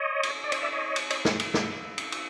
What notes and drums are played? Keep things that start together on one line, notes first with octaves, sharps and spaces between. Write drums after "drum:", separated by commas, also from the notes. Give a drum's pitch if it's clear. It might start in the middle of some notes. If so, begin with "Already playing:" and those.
Already playing: C#5 D#5
drum: cymbal
D5
C#5 D#5, drum: cymbal
D5 E5
C#5 D#5
drum: cymbal
C#5 D#5, drum: cymbal
drum: snare
drum: cymbal
drum: snare
drum: cymbal
drum: cymbal